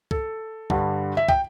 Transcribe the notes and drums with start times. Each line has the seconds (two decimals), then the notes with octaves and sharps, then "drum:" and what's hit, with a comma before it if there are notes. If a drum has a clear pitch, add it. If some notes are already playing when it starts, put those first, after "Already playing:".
0.11 A4, drum: kick
0.70 G2 D3 G3, drum: kick
1.17 E5
1.29 G5, drum: kick